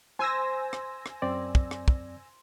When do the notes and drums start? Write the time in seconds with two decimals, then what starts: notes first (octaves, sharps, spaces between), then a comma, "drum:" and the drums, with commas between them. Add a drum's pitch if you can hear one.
0.19 C5 G#5 E6 A#6
0.73 drum: rim click
1.06 drum: rim click
1.22 F#2 C4 D5
1.55 drum: kick
1.71 drum: rim click
1.88 drum: kick